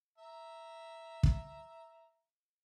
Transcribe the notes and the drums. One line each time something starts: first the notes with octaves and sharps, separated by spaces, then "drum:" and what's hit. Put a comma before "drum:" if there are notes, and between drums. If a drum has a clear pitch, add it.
E5 A#5
drum: kick